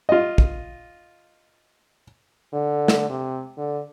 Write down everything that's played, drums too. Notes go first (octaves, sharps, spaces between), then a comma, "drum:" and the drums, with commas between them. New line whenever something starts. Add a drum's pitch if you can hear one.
F4 D#5
drum: kick A1
D3
drum: snare
C3
D3